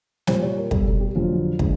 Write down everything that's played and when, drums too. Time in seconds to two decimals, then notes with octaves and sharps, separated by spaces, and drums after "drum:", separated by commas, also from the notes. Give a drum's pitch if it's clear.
0.27 A#2 G3 C5, drum: snare
0.42 C#5
0.57 A#4
0.71 B2 G3 A4, drum: kick
1.00 G4
1.15 F2 D3 F#3 F4
1.59 D3 F3 G#3, drum: kick